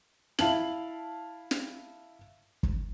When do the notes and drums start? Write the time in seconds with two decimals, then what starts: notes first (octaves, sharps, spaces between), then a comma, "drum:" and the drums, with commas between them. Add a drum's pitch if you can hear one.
0.39 E4 F5 A5 F#7, drum: snare
1.51 drum: snare
2.63 drum: kick